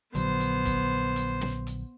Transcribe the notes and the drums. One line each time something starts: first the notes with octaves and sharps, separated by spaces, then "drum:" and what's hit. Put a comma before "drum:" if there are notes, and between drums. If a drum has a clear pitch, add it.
A#1 D3 F#3 B3 C5, drum: hi-hat
drum: hi-hat
drum: kick, hi-hat
drum: hi-hat
drum: snare
drum: hi-hat